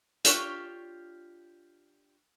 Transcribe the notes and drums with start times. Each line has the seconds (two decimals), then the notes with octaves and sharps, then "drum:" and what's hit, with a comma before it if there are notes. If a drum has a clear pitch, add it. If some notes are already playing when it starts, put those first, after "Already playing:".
0.24 D4 F4 G4 C#5, drum: hi-hat